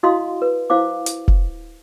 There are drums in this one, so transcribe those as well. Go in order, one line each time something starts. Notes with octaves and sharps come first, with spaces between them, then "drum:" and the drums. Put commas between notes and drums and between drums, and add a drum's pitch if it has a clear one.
E4 F#4 D#5 F5 C6 D#6
B4
E4 C5 F5 D6
drum: hi-hat
drum: kick